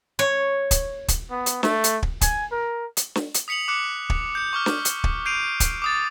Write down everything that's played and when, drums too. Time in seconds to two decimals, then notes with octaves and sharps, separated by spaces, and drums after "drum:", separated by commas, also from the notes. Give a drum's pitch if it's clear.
0.19 C#5
0.71 drum: kick, hi-hat
1.08 drum: kick, hi-hat
1.31 B3
1.46 drum: hi-hat
1.63 A3, drum: snare
1.84 drum: hi-hat
2.03 drum: kick
2.21 G#5, drum: kick, hi-hat
2.52 A#4
2.97 drum: hi-hat
3.15 drum: snare
3.34 drum: hi-hat
3.48 D#6 B6 C#7 F7 F#7
3.68 D6 F#6 C#7
4.10 drum: kick
4.35 G6 C#7
4.53 C#6 D6 F6 G6
4.66 drum: snare
4.85 drum: hi-hat
5.04 drum: kick
5.26 G6 C7 D7 D#7 F7
5.60 drum: kick, hi-hat
5.82 D6 D#6 A6